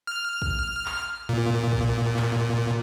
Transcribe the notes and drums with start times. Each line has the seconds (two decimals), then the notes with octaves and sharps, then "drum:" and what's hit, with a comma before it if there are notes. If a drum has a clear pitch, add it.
0.07 F6
0.42 drum: kick
0.85 drum: clap
1.29 A#2
1.73 drum: kick
2.17 drum: clap